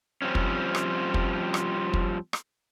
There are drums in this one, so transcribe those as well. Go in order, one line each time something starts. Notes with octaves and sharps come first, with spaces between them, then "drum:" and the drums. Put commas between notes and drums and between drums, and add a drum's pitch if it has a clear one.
F3 G3 C4 C#4
drum: kick
drum: rim click
drum: kick
drum: rim click
drum: kick
drum: rim click